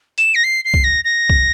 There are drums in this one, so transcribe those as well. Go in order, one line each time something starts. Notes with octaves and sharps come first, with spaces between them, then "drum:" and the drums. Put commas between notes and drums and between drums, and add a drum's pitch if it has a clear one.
E7, drum: hi-hat
A#6
C7
C7
drum: kick C2
A#6
A#6
drum: kick C2